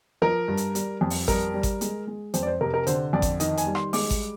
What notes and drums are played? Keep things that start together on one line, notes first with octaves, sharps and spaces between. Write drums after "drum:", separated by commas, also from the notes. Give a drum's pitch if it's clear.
F3 A#4
G2
drum: hi-hat
G3, drum: hi-hat
F2
drum: open hi-hat
G3 A#4, drum: kick G#1, hi-hat
G3
drum: kick G#1, hi-hat
G#3, drum: hi-hat
G#3
F2 C5, drum: hi-hat
D5
C5
C3 A#4
A#4
D3 C5, drum: hi-hat
F2 D5
drum: kick G#1, hi-hat
D#3 D#5, drum: hi-hat
G#5, drum: hi-hat
G3
C6, drum: rim click
G#3 D6, drum: open hi-hat
drum: kick G#1, hi-hat